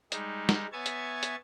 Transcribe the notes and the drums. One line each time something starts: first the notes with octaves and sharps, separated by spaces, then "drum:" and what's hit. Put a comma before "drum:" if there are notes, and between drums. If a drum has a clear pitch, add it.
G3 G#3 D#4, drum: hi-hat
drum: snare
B3 C#5 E5 G#5 A5 G#6
drum: hi-hat
drum: hi-hat